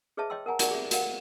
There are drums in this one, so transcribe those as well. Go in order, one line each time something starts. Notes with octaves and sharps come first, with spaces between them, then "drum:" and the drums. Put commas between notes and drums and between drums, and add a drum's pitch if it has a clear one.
G#4 B4 C#5 D#5 E5 A5
C#5 D#5 G5 C6 E6
A#4 F#5 G#5 A#5
D#4 F#4 G4 A#4 D5 F#5, drum: hi-hat
G#4 E5
F#4 A#4 D#5 F5 F#5, drum: hi-hat